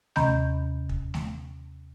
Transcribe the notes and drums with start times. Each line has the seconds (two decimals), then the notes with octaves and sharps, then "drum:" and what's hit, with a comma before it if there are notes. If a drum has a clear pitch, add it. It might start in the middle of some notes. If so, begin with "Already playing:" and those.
0.16 D#2 C3 D#5 A#5 B5 G6, drum: snare A3
0.89 drum: kick
1.14 drum: snare A3